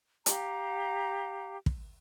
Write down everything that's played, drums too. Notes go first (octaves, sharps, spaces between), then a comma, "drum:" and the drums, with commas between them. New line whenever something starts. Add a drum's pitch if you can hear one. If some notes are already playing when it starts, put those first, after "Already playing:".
G4 F5 A#5, drum: hi-hat
drum: kick